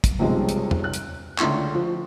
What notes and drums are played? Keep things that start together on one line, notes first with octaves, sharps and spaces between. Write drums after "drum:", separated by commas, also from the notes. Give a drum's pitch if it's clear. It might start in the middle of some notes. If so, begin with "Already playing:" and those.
drum: kick, hi-hat
B1 F#2 C3 F3 G3 G#3
drum: hi-hat
drum: tom
F#6
drum: hi-hat
C#2 D3 A3 E4 C6 C#6, drum: clap
F3